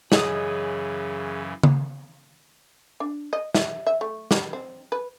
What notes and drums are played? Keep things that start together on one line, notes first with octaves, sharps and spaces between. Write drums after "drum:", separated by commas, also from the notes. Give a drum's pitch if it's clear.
F#2 C#3 E3 G#4 C#5 D#5, drum: snare
drum: tom C#3
D4
D#5
E5, drum: snare
E5
A3
G3, drum: snare
C4
B4